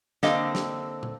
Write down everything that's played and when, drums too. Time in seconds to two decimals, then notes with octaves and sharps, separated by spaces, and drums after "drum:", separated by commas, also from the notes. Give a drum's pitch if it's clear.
0.23 D3 A#3 C4 D#5 F5, drum: snare
0.55 drum: snare
1.03 drum: tom